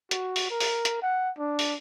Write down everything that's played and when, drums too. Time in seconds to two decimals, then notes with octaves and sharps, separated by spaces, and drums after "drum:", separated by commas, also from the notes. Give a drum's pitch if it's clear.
0.11 F#4, drum: hi-hat
0.36 drum: open hi-hat
0.50 A#4
0.60 drum: open hi-hat
0.85 drum: hi-hat
1.02 F#5
1.38 D4
1.59 drum: open hi-hat